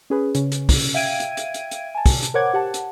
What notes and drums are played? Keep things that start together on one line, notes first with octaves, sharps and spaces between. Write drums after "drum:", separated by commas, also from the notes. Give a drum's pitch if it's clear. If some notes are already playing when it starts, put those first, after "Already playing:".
C#4 G#4 B4
C#3 C#4, drum: hi-hat
drum: hi-hat
drum: kick, open hi-hat
E5 F5 G5 G#6 D7 D#7
drum: hi-hat
drum: hi-hat
drum: hi-hat
drum: hi-hat
G#5 A5
drum: kick, open hi-hat
drum: hi-hat
A#4 C5 C#5 F#5 D6 G#6
G4 F#5 A5
drum: hi-hat